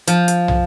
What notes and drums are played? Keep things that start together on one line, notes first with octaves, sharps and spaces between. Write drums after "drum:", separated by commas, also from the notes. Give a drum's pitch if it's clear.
F3, drum: hi-hat
drum: hi-hat
drum: tom